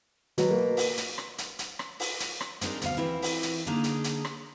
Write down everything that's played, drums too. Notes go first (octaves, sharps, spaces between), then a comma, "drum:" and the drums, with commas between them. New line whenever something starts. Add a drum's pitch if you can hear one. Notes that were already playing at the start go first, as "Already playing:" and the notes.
B2 F#3, drum: hi-hat
A#3
drum: open hi-hat
drum: hi-hat
drum: rim click
drum: hi-hat
drum: hi-hat
drum: rim click
drum: open hi-hat
drum: hi-hat
drum: rim click
G#3 C4 D4 D#4 A#4, drum: hi-hat
D2 B2 F5, drum: hi-hat
E3 C4 E4
drum: open hi-hat
drum: hi-hat
D3 A#3 D4 D#4 G#4 A#5
drum: hi-hat
drum: hi-hat
drum: rim click